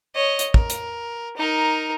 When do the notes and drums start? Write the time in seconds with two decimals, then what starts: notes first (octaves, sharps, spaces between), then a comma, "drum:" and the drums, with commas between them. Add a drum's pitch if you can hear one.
0.15 C#5 D#5
0.39 drum: hi-hat
0.54 A#4, drum: kick
0.70 drum: hi-hat
1.37 D#4 A#4